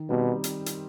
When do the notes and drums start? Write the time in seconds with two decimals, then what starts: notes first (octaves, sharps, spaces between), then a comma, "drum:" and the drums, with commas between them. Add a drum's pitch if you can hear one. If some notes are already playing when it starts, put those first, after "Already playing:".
Already playing: D#3
0.09 B2 G3 C4 D#4
0.44 drum: hi-hat
0.66 drum: hi-hat